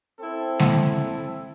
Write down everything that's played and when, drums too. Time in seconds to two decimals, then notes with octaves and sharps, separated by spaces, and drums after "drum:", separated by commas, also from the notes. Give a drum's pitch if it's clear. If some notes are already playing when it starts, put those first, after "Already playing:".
0.19 C4 E4 A4
0.59 drum: snare G#3